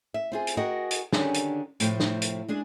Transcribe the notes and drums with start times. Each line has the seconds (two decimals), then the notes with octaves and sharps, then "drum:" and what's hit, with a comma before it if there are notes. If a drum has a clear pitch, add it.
0.14 E5
0.32 C4 F4 G#4
0.47 drum: hi-hat
0.57 F#4 G#4 A#4 D#5 F#5 G5
0.91 drum: hi-hat
1.12 D3 D#3 C#4 D4 G4 G#4, drum: snare
1.34 drum: hi-hat
1.80 A2 C3 F3 A3 G5, drum: hi-hat
2.00 drum: snare
2.22 drum: hi-hat
2.48 G#3 D4 G#4